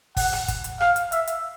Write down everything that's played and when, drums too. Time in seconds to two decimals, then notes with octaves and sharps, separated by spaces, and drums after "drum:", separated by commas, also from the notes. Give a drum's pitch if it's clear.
0.17 F#5, drum: kick, open hi-hat
0.33 drum: rim click
0.48 drum: kick, hi-hat
0.64 drum: hi-hat
0.80 F5, drum: rim click
0.96 drum: hi-hat
1.12 E5, drum: hi-hat
1.27 drum: hi-hat